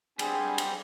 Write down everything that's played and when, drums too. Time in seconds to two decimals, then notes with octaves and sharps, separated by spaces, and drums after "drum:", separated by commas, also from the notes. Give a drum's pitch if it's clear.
0.19 G3 B3 C4 D4 G#4 G#5, drum: cymbal
0.58 drum: cymbal